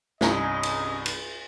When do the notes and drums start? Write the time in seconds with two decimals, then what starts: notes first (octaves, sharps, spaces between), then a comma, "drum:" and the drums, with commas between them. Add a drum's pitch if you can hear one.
0.21 C2 G2 C#4 D#5 G#5 A#5, drum: snare
0.63 drum: cymbal
1.06 drum: cymbal